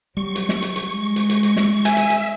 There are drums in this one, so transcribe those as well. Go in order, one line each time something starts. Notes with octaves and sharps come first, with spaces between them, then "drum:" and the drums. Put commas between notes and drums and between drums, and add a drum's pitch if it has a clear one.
F#3 G3 C#6
drum: hi-hat
drum: snare
drum: hi-hat
drum: hi-hat
G#3
drum: hi-hat
drum: hi-hat
drum: hi-hat
drum: snare
E5 G#5, drum: hi-hat
drum: hi-hat
drum: hi-hat